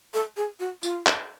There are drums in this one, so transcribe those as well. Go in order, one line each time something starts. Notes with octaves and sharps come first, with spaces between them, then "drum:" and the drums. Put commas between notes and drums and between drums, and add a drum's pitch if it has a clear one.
A4
G#4
F#4
F4, drum: tambourine
drum: clap